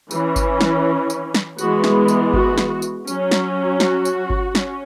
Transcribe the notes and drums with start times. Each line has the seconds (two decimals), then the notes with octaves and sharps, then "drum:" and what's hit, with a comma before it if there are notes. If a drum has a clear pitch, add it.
0.11 E3 C#4, drum: tambourine
0.36 drum: kick G1, tambourine
0.61 drum: snare
1.10 drum: tambourine
1.34 drum: snare
1.58 E3 G#3 B3 F#4, drum: tambourine
1.84 drum: snare
2.08 drum: tambourine
2.34 F#4, drum: kick G1
2.58 drum: snare
2.82 drum: tambourine
3.07 F#3 C#4, drum: tambourine
3.31 drum: snare
3.80 F#4, drum: snare
4.05 drum: tambourine
4.30 drum: kick G1
4.55 C#4, drum: snare